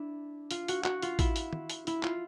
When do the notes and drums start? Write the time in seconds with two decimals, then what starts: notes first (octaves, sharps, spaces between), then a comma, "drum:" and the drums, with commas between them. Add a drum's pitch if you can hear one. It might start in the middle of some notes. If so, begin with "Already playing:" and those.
Already playing: D4 E4
0.51 F4, drum: hi-hat
0.68 F#4, drum: hi-hat
0.84 F#4, drum: clap
1.02 F4, drum: hi-hat
1.19 E4, drum: kick A1, hi-hat
1.36 drum: hi-hat
1.53 drum: tom
1.70 drum: hi-hat
1.87 E4, drum: hi-hat
2.03 F4, drum: clap